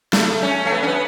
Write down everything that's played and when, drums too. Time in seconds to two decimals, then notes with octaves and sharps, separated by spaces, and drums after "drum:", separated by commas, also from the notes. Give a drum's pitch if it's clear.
0.13 A3, drum: snare
0.42 C#4
0.65 A3
0.72 B3
0.83 C#4
0.87 B3